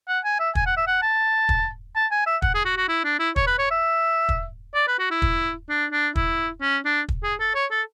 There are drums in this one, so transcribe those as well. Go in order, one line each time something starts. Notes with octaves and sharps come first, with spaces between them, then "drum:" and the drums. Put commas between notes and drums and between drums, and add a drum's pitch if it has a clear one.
F#5
G#5
E5
G#5, drum: kick
F#5
E5
F#5
A5
drum: kick
A5
G#5
E5
F#5, drum: kick
G#4
F#4
F#4
E4
D4
E4
C#5, drum: kick
B4
C#5
E5
drum: kick
D5
B4
F#4
E4
drum: kick
D4
D4
E4, drum: kick
C#4
D4
drum: kick
G#4
A4
C#5
A4